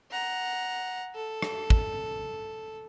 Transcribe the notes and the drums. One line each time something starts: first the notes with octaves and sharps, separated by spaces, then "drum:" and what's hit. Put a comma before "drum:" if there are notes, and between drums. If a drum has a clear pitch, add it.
F#5 A#5
A4
drum: rim click
drum: kick